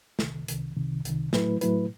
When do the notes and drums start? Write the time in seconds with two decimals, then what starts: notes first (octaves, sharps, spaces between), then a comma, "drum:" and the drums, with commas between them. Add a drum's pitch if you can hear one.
0.19 C2 C3 D#3, drum: snare
0.48 C2 C3 D#3, drum: hi-hat
0.76 C2 C3 D#3
1.05 C2 C3 D#3, drum: hi-hat
1.33 A2 F#3 A3 E4 B4, drum: snare
1.61 A2 F#3 A3 E4 B4, drum: hi-hat